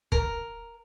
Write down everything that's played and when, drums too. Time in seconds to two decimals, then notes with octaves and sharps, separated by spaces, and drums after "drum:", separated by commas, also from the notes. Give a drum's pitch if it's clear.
0.12 A#4, drum: kick